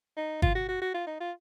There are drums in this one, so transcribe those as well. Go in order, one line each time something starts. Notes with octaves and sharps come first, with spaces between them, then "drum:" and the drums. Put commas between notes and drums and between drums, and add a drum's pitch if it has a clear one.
D#4
F4, drum: kick
F#4
F#4
F#4
F4
D#4
F4